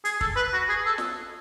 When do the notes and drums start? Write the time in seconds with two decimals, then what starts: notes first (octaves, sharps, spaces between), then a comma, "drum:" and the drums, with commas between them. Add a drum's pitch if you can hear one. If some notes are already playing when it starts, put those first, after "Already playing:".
0.05 G#4, drum: hi-hat
0.21 A4, drum: kick
0.36 B4
0.53 F#4
0.69 G#4
0.86 A4
0.98 drum: snare